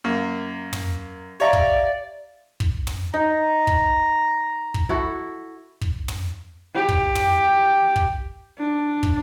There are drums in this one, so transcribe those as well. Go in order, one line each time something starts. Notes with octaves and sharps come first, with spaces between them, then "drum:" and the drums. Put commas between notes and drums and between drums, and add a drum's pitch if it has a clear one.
F#2 A#3
drum: tom
G4 C#5 D5 E5 F5 A#5 C#6
drum: kick
drum: kick
drum: tom
D#4 A#5
drum: kick
drum: kick
E4 F#4 A4
drum: kick
drum: tom
G4
drum: kick
drum: tom
drum: kick
D4
drum: kick